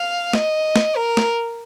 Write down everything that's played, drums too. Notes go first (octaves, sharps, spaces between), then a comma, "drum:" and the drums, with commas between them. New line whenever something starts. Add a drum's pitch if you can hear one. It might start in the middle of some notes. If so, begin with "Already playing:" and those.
Already playing: F5
D#5, drum: snare
drum: snare
A#4
drum: snare